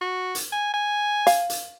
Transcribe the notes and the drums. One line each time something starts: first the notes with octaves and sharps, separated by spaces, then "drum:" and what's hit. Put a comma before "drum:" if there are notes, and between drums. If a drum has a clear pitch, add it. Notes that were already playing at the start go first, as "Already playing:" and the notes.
F#4
drum: hi-hat
G#5
G#5
F5, drum: hi-hat
drum: hi-hat